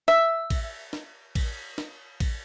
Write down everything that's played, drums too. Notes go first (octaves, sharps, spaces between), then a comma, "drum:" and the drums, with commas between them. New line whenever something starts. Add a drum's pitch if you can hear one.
E5 E6, drum: snare
drum: kick A1, cymbal
drum: snare
drum: kick A1, cymbal
drum: snare
drum: kick A1, cymbal